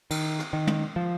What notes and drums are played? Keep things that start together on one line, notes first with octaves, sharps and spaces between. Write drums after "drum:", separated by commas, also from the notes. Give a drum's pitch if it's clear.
D#3, drum: cymbal
drum: rim click
D#3
drum: tom
F3